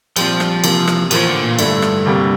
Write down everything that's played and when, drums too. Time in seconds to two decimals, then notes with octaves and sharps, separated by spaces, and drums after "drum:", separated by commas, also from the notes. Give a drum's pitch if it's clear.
0.16 A#2 F3 G3 C4 F4 C5, drum: cymbal
0.40 drum: rim click
0.64 C3 E3 A#3 F4, drum: cymbal
0.87 drum: rim click
1.11 A2 E3 F3 A#3 F4 C5, drum: cymbal
1.27 D3
1.43 A#2
1.59 G2 D3 A3 E4, drum: cymbal
1.82 drum: rim click
2.06 D2 C3 G3 A#3